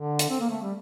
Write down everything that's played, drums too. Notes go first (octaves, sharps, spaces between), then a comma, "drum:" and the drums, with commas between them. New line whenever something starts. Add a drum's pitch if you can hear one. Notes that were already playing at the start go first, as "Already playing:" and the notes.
Already playing: D3
drum: hi-hat
C4
A#3
A3
G3